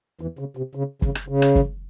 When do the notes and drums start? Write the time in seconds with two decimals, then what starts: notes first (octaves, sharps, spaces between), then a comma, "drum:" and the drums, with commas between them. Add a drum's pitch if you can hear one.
0.21 E2 E3
0.39 C#3
0.57 C3
0.75 C#3
1.02 C#3, drum: kick
1.15 drum: rim click
1.28 C#3
1.42 drum: rim click
1.55 drum: kick